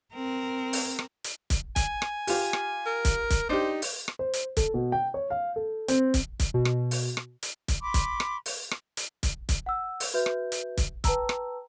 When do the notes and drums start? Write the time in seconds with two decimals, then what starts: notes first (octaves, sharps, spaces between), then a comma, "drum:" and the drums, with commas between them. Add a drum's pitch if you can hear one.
0.14 C4 A#4
0.73 drum: open hi-hat
0.99 drum: rim click
1.24 drum: hi-hat
1.50 drum: kick, hi-hat
1.76 G#5, drum: kick, hi-hat
2.02 drum: rim click
2.27 F4 G4, drum: open hi-hat
2.53 drum: rim click
2.86 A#4
3.05 drum: kick, hi-hat
3.30 drum: kick, hi-hat
3.49 D4 D#4 G4 C5
3.82 drum: open hi-hat
4.08 drum: rim click
4.19 C5
4.33 drum: hi-hat
4.57 A4, drum: kick, hi-hat
4.74 B2
4.92 G5
5.14 C#5
5.30 F5
5.56 A4
5.88 C4, drum: hi-hat
6.14 drum: kick, hi-hat
6.40 drum: kick, hi-hat
6.54 B2
6.65 drum: rim click
6.91 drum: open hi-hat
7.17 drum: rim click
7.43 drum: hi-hat
7.68 drum: kick, hi-hat
7.82 B5 C6 D6
7.94 drum: kick, hi-hat
8.20 drum: rim click
8.46 drum: open hi-hat
8.71 drum: rim click
8.97 drum: hi-hat
9.23 drum: kick, hi-hat
9.49 drum: kick, hi-hat
9.66 F#5 E6
10.00 drum: open hi-hat
10.14 F#4 B4 E5 G6
10.26 drum: rim click
10.52 drum: hi-hat
10.77 drum: kick, hi-hat
11.04 B4 G5 A5 A#5 E6, drum: kick, hi-hat
11.29 drum: rim click